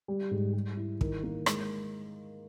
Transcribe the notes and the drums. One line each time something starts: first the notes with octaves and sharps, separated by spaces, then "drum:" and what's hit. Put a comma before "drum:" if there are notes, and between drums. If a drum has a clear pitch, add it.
G3
G#2
G3
E4
D#3, drum: kick
A#3
G#3, drum: rim click